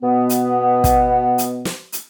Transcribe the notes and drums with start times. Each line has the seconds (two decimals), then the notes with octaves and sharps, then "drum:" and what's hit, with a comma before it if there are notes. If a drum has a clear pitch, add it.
0.02 B2 B3
0.29 drum: hi-hat
0.84 drum: kick, hi-hat
1.38 drum: hi-hat
1.65 drum: snare
1.92 drum: hi-hat